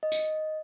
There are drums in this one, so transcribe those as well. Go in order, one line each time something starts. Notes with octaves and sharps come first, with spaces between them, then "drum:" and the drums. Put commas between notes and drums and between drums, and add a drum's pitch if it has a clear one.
D#5
drum: tambourine